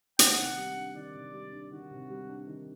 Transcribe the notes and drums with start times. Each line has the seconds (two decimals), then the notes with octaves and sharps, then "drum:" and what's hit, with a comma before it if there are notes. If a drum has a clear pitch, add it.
0.19 D#3 F#5, drum: hi-hat
0.38 C3
0.57 G3
0.76 D4
0.95 D#3 D5
1.15 C3
1.33 G3
1.52 D4
1.71 D#3 F#4
1.91 C3
2.10 G3
2.29 D4
2.47 D#3